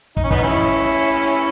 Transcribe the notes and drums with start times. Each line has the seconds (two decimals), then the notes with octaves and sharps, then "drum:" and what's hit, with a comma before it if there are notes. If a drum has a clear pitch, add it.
0.17 D#4, drum: kick
0.24 C#4
0.31 B3 D#4, drum: kick
0.42 C#4 E4